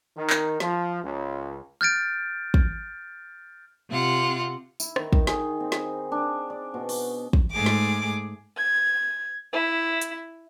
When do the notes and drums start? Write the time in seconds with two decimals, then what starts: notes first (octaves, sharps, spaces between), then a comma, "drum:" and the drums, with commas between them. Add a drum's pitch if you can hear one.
0.17 D#3
0.30 drum: clap
0.60 F3, drum: snare
1.03 C#2
1.81 F6 G6 A6 D7
2.54 drum: kick
3.89 C3 F4 F#5
4.80 E4, drum: tambourine
4.96 D#3, drum: rim click
5.13 D#3, drum: kick
5.27 G#4, drum: snare
5.60 C4
5.72 drum: snare
6.12 D4
6.50 D5
6.74 B2
6.89 C#6, drum: open hi-hat
7.33 drum: kick
7.54 G#2 A3 G#4 D6
7.66 drum: snare
8.56 G#6
9.53 E4
10.01 drum: hi-hat